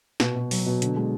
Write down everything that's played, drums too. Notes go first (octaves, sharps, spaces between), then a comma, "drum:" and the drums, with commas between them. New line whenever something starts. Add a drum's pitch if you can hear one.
B2, drum: snare
B2
F#3, drum: open hi-hat
B2
D3, drum: hi-hat
G#3